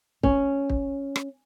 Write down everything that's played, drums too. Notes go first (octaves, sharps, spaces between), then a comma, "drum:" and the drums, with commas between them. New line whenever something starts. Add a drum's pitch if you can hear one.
C#4, drum: kick
drum: kick
drum: rim click